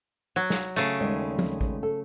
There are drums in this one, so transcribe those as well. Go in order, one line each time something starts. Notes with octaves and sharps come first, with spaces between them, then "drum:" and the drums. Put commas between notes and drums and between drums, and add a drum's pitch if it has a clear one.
F#3
drum: snare
C#3 A3
D#2 G3 G#3
drum: tom F3
drum: kick A1
A4